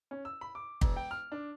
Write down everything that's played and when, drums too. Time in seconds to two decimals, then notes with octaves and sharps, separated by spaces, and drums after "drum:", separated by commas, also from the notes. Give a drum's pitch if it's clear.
0.11 C#4
0.25 E6
0.41 B5
0.55 D6
0.81 E1, drum: kick
0.96 G5
1.11 F6
1.32 D4